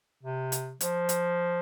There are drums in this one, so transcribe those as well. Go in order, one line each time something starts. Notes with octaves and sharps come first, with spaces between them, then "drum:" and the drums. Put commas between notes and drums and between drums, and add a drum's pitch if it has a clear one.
C3
drum: hi-hat
F3, drum: hi-hat
drum: hi-hat